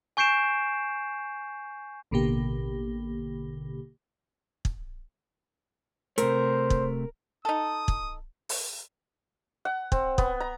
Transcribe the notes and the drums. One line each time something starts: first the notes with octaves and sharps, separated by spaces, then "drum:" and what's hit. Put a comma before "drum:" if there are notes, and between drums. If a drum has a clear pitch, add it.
G#5 C#6 G6 C7 D7 E7
A1 B2 D3 A#3 G4
drum: kick
C3 A3 A#4 C5, drum: hi-hat
drum: kick
D#4 A4 D#6
drum: kick
drum: open hi-hat
F#5
C4, drum: kick
B3, drum: kick
A#5